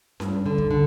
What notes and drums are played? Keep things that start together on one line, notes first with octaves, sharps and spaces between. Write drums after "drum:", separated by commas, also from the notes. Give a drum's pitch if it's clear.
G2, drum: snare C#4
D3
drum: kick
D3